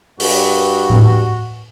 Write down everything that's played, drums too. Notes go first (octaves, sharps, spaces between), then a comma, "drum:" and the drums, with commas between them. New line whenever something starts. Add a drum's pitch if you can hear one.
G2 F#4, drum: open hi-hat
drum: tom A2